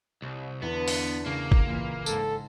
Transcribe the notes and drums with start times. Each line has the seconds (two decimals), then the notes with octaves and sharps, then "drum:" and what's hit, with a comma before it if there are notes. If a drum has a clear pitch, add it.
0.22 C2
0.62 E2 D3 B3 D4 B4
0.88 drum: open hi-hat
1.26 C#3 A#3
1.52 drum: kick G#1
1.65 A#2 E3 F6 E7
2.06 G#2 A4, drum: tambourine